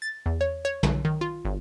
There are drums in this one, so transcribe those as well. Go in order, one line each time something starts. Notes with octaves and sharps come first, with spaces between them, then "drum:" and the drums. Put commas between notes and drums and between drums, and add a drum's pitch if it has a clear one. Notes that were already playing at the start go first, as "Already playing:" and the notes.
A6
E2
C#5
C#5
B1, drum: tom
D#3
F4
G1